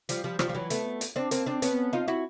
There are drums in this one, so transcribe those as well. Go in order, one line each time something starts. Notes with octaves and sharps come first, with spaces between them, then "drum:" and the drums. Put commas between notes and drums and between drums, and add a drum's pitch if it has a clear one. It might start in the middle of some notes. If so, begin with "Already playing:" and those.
F3 G3, drum: hi-hat
F3 G3
F3 G3, drum: rim click
F3
E3 F#3
A3 B3, drum: hi-hat
drum: hi-hat
C4 D4
A#3 C4, drum: hi-hat
C4 D4
B3 C#4, drum: hi-hat
D#4 F4
E4 F#4